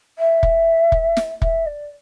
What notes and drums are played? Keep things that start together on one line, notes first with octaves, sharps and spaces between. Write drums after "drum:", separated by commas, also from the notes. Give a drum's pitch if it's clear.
E5
drum: kick
drum: kick
drum: snare
E5, drum: kick
D5